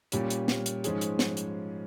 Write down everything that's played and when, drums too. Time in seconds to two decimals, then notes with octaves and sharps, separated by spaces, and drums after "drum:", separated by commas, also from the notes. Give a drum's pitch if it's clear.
0.12 A#2 G3 C#4, drum: hi-hat
0.30 drum: hi-hat
0.48 drum: snare
0.66 drum: hi-hat
0.84 G#2 F3 G#3 C#4 G#4, drum: hi-hat
1.01 drum: hi-hat
1.19 drum: snare
1.37 drum: hi-hat